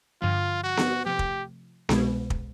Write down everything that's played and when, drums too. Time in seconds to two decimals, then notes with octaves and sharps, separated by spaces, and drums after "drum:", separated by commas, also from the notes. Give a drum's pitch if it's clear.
0.22 G2 D3 F3 F4
0.64 F#4
0.77 drum: snare B3
1.05 C3 F3 A3 G4
1.19 drum: kick
1.89 C2 B2 G#3, drum: snare B3
2.30 drum: kick